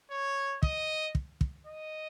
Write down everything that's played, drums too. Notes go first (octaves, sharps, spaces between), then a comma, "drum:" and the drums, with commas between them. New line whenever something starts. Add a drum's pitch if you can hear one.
C#5
D#5, drum: kick
drum: kick
drum: kick
D#5